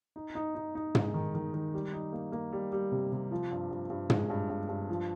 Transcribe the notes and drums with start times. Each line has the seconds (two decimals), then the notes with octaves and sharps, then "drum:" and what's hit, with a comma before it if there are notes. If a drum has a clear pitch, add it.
0.16 D#4
0.35 D#4
0.55 D#4
0.75 D#4
0.95 G#3, drum: tom
1.14 D#3
1.34 D#3
1.54 D#3
1.74 G3
1.93 D#4
2.13 A#3
2.32 A#3
2.52 G3
2.72 G3
2.92 C3
3.12 C3
3.31 F3
3.51 G2
3.71 G2
3.90 G2
4.10 G#3, drum: tom
4.30 G2
4.50 G2
4.69 G2
4.89 F3